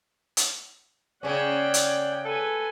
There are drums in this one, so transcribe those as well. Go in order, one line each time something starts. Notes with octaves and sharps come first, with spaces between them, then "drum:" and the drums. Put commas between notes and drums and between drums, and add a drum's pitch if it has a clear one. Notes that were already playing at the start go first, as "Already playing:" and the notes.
drum: hi-hat
C#3 C#4 D5 F#5 G5
drum: hi-hat
A4 B4 G#5